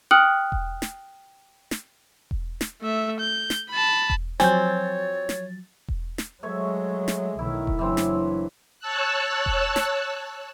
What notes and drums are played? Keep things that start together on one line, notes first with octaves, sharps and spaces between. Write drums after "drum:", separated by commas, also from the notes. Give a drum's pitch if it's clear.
G5 D#6 F6 F#6 C#7 F#7
drum: kick E1
drum: snare
drum: snare
drum: kick E1
drum: snare
A3 E5
G6
drum: snare
A5 B5
drum: kick E1
F3 F#3 C4 C#5 G#5 G6 A6, drum: snare
drum: snare
drum: kick E1
drum: snare
F#3 G#3 A3 C#5 E5
drum: snare
B1 D#3 E4
drum: kick E1
F#1 E3 F#3 C4 D4
drum: snare
C#5 A5 E6 F#6
drum: kick E1
drum: snare